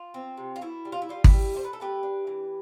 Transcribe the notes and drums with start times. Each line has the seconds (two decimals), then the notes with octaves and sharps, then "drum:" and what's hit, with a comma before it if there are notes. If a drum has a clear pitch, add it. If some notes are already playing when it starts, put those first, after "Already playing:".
Already playing: F4
0.14 C4
0.37 C3
0.56 F4
0.61 B2 E4
0.85 G3
0.92 F4
1.02 E4
1.09 G3 F4
1.24 E4 G4, drum: kick
1.33 G3
1.56 A3 C5
1.64 B4
1.73 A4
1.80 A3 G4 B4
2.03 D4
2.27 E3